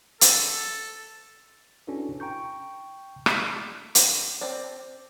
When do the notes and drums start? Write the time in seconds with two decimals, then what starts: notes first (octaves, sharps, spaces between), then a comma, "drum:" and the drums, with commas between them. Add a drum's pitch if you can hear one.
0.21 A4, drum: hi-hat
1.87 C#4 D4 E4 F#4 A4 B4
2.20 G5 A#5 C#6 G6
3.26 D5 E5, drum: rim click
3.95 drum: hi-hat
4.41 C4 D5